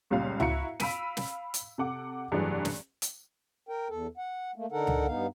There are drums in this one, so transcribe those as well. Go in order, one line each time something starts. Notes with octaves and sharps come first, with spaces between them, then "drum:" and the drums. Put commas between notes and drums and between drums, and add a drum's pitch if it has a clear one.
G1 C#2 A#2 G3 F5 C7
E4 F#4 E5 F5 A#5 C#7, drum: tom C#2
F5 B5 E6 B6 D7 D#7, drum: snare
drum: snare
drum: hi-hat
C3 A4 F#5 D6
F1 G2 E3 F#3 G#4 D5
drum: snare
drum: hi-hat
A#4 G5
E2 A4
F#5
A3 A#3
D3 D#4 A4 A#4 F#5
drum: tom C#2
G2 B3 D#4 F5